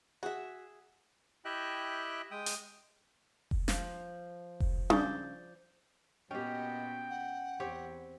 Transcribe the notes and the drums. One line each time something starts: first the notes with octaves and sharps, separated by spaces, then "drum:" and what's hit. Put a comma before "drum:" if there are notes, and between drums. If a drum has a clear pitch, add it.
F#4 G#4 E5
E4 G4 D#5 E5 G5 F#6
G#3 G5 D#6
drum: hi-hat
drum: kick F1
F3, drum: snare
drum: kick F1
C#3 D5 G6, drum: tom D4
A#2 B3 C#4 F#4 G4 D#5 G5
F#5
E2 C4 G4 C#5